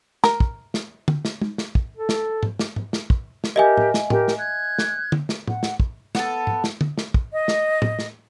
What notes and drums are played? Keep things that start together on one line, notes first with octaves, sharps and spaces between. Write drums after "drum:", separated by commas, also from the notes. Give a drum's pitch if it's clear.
A#4, drum: snare
drum: kick
drum: snare
drum: tom
drum: snare
drum: tom
drum: snare
drum: kick
A4
drum: snare
drum: tom G#2
drum: snare
drum: tom G#2
drum: snare
drum: kick
drum: snare
G4 A#4 D#5 E5 G#5
drum: tom
drum: snare
G4 A#4 G5, drum: tom
drum: snare
F#6 G#6
drum: snare
drum: tom
drum: snare
F#5, drum: tom
drum: snare
drum: kick
B3 A4, drum: snare
drum: tom G#2
drum: snare
drum: tom
drum: snare
drum: kick
D#5
drum: snare
drum: tom
drum: snare